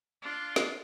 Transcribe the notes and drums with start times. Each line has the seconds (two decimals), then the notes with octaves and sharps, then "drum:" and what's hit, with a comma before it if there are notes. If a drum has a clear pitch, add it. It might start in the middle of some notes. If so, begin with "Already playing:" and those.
0.22 D4 F4
0.56 drum: snare